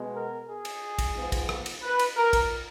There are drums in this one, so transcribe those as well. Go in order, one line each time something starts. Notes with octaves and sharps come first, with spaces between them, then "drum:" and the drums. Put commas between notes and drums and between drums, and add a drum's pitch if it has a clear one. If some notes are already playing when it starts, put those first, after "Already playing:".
Already playing: B2 G#3 B3
A#4
G#4
drum: cymbal
drum: kick, cymbal
G#2 F3 B3
drum: kick, cymbal
drum: rim click
drum: cymbal
B4
drum: cymbal
A#4
drum: kick, cymbal